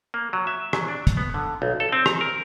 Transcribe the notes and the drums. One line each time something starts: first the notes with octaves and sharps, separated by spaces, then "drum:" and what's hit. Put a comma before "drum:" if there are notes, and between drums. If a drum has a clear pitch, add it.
A#3
F#3
E5
F#3, drum: rim click
D4
drum: kick, hi-hat
B3
D3
B1
A4
C4
A#5, drum: rim click
A#4